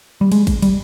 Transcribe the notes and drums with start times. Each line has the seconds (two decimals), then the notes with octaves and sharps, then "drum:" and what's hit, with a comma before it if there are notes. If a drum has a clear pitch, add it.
0.21 G3
0.32 G#3, drum: cymbal
0.47 drum: kick, cymbal
0.62 G3, drum: cymbal